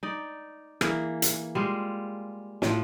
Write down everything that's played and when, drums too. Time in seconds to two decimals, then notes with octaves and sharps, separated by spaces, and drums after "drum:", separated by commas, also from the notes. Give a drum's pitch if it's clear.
0.03 D#4 D5
0.81 E3 A#3 G#4, drum: rim click
1.22 drum: hi-hat
1.55 G3 G#3 F4
2.62 A2 F3, drum: snare